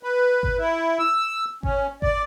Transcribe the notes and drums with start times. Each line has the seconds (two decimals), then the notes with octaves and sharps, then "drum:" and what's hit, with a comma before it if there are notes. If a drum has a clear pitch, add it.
0.03 B4
0.43 drum: kick G#1
0.58 E4
0.99 E6
1.63 C#4, drum: kick G#1
2.02 D5, drum: kick G#1